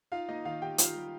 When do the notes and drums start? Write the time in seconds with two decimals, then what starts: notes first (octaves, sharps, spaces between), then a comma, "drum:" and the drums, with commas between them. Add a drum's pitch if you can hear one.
0.12 D#4 F4 F5
0.28 A#3 D#4 D#5
0.45 D#3 F4 F5
0.62 D#3 G4 G5
0.78 D#4 F4 F5, drum: hi-hat
0.95 G3